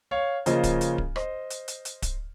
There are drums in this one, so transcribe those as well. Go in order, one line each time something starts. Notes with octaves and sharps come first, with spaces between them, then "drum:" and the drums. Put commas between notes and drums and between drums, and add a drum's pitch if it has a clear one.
C#5 F5
C#3 F3 A#3 C#4 F4 C5 D#5, drum: hi-hat
drum: kick D1, hi-hat
drum: hi-hat
drum: kick D1
C5 D#5, drum: rim click
drum: hi-hat
drum: hi-hat
drum: hi-hat
drum: kick D1, hi-hat